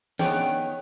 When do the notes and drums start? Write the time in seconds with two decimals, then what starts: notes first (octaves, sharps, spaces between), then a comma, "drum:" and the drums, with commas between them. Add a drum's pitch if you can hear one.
0.19 D#3 B3 C#4 D4 G#4 C#5 G5, drum: snare